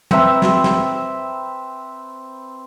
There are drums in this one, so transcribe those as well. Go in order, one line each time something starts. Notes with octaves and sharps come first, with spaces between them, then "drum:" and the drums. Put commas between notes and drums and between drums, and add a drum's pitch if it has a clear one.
C4 B4 E5 A#5, drum: tom
drum: snare
drum: snare